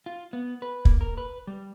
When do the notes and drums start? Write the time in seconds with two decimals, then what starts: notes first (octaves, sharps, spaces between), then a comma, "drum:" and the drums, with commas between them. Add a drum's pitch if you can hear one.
0.06 F4
0.33 B3
0.62 B4
0.85 A#3, drum: kick
1.01 A#4
1.18 B4
1.47 G3